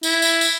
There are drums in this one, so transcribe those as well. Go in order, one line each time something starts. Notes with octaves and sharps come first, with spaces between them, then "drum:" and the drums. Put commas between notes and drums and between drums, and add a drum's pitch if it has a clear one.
E4, drum: tambourine
drum: tambourine
drum: tambourine